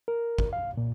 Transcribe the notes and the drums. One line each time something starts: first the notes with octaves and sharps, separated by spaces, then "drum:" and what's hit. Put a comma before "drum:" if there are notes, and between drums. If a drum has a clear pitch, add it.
A#4
drum: kick
F5
A#2